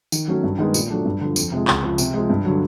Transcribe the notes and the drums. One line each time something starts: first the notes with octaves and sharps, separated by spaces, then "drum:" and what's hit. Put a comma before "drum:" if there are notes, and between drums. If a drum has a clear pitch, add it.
D#3, drum: tambourine
F#3 A3 C#4 F#4
G2
D#3 G#3 B3
A#2, drum: tambourine
F#3 A3 D4
G2
D3 F3
F2, drum: tambourine
C3 F3 G#3
C#2, drum: clap
C#3 F3
C3, drum: tambourine
F3 G#3
G2
D3 F#3